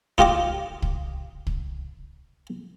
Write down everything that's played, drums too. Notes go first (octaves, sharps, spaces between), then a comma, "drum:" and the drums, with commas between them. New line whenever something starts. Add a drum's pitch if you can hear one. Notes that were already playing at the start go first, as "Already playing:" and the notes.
D#4 F4 G4 D#5 D6, drum: kick
drum: kick
drum: kick